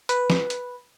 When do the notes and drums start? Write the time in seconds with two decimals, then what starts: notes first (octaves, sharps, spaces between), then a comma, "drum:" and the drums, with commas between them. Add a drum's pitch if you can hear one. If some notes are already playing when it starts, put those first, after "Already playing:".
0.09 B4, drum: hi-hat
0.30 drum: snare
0.50 drum: hi-hat